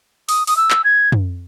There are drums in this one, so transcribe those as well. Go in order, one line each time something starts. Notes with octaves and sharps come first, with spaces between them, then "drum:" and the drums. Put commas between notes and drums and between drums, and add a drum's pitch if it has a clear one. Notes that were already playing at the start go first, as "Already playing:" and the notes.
D#6, drum: open hi-hat
D#6, drum: open hi-hat
E6
drum: clap
G#6
drum: tom